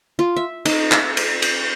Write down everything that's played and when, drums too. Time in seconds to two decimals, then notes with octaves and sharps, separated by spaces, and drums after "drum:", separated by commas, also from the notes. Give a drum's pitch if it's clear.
0.19 F4
0.36 E5
0.65 D#4, drum: cymbal
0.92 E5, drum: clap
1.17 drum: cymbal
1.42 drum: cymbal